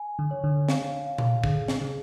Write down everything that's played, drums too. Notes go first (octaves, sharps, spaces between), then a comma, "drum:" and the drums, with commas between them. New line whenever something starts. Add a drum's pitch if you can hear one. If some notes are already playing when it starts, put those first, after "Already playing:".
Already playing: G#5
D3
C#5
D3
F5, drum: snare
F5
drum: tom A#2
D3 G#4, drum: kick
drum: snare
C#3 G#4